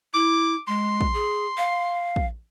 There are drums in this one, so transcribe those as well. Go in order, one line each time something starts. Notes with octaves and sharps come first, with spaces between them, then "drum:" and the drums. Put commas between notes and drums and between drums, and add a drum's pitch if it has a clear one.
E4 D6
G#3 C6
drum: kick
G#4
F5
drum: kick